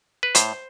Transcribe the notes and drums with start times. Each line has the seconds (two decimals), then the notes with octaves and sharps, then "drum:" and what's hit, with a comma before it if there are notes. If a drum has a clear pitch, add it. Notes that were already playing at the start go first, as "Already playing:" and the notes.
0.23 B4
0.35 A2 C5, drum: hi-hat